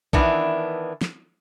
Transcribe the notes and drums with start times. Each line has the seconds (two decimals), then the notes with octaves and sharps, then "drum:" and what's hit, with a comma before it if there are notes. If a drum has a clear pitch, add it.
0.13 D#3 E3 B3 D4, drum: kick
1.01 drum: snare